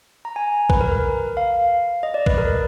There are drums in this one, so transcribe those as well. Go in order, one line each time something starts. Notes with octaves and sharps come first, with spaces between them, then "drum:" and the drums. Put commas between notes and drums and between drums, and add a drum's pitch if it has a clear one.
A#5
G#5
B4, drum: kick A#1
A#4
A#4
F5
D#5
D5
B4, drum: kick A#1
A#4